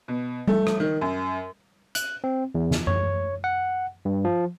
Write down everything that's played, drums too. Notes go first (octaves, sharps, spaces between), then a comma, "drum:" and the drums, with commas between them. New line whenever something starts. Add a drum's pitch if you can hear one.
B2
A3, drum: tom G3
drum: rim click
D#3
F#2
F#6, drum: hi-hat
C4
E2
drum: snare
C#5, drum: tom F#2
F#5
G2
F3